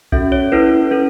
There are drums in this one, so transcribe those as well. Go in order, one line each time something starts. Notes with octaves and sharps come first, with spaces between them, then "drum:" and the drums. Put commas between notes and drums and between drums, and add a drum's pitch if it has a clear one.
C#4 F#4 A4 E5, drum: kick B1
C#5
C#4 E4 A4 B4
C#4 E4 A4